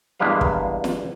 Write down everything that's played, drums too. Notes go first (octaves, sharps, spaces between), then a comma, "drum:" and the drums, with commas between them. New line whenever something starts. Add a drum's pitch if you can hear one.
E2 G2 G#3 A#3 B4 F5
drum: kick
drum: snare